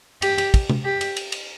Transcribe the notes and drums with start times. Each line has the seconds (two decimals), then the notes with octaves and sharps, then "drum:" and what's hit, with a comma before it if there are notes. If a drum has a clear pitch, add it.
0.22 G4, drum: cymbal
0.38 drum: cymbal
0.54 drum: kick, cymbal
0.70 drum: tom C3
0.85 G4
1.01 drum: cymbal
1.17 drum: cymbal
1.32 drum: cymbal